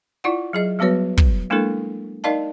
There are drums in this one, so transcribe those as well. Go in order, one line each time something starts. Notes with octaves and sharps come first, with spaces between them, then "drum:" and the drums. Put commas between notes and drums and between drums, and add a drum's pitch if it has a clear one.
E4 F4 D5 F#5
F#3 G#4 D#5
F#3 G3 B3 F#4 B4 C#5
drum: kick
G#3 A#3 D4 E4 A4 A#4
D#4 A#4 D5 D#5 F5 A5